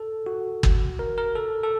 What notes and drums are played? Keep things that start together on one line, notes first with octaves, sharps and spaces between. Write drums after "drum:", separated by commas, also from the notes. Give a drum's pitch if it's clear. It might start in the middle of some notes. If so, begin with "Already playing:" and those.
Already playing: A4
F#4
drum: kick
A#4
A#4
A4
A4